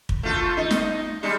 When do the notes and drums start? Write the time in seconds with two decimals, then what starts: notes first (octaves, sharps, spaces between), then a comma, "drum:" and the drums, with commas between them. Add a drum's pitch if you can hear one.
0.09 drum: kick
0.23 A3 F4 A4
0.57 D#4
0.71 drum: snare
1.23 G3 G#3 D#4